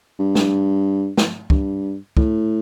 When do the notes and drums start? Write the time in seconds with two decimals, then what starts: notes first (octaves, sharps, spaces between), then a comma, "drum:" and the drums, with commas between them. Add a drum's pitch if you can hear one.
0.19 G2
0.35 drum: snare
1.17 drum: snare
1.50 G2, drum: kick
2.17 A2, drum: kick